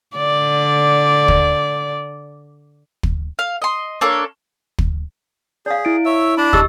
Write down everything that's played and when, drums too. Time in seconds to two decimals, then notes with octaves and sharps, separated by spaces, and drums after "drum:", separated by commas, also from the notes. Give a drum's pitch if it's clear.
0.17 D3 D5
1.28 drum: kick
3.03 drum: kick
3.39 F5
3.62 D#5 C6
4.01 A#3 D4 A4 C#5
4.79 drum: kick
5.66 G#4 D5 F5
5.85 E4 D7
6.05 C#5 E5 E6
6.37 D4 A5 B5
6.53 G4 D#5 E6, drum: kick